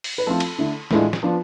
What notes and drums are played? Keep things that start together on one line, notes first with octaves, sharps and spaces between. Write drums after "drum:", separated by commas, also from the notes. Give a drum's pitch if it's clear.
drum: open hi-hat
B4
F3 A3 C4 F4 A4
drum: cymbal
D3 A3 E4
A2 E3 G#3 D4 F4, drum: snare
drum: snare
F3 B3 D4 F4